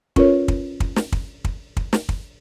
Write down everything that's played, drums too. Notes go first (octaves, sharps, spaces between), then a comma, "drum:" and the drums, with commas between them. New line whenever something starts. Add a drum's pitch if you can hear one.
C#4 F4 A#4 B4 C#5, drum: kick
drum: kick
drum: kick
drum: snare
drum: kick
drum: kick
drum: kick
drum: snare
drum: kick